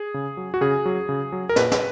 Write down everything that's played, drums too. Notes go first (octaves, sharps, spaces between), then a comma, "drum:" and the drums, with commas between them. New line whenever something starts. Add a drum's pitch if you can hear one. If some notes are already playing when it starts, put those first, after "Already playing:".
Already playing: G#4
C#3
F#3
F#4
C#3 G#4
F#3
C#3
F#3
A#4
A#2 B4, drum: snare
drum: snare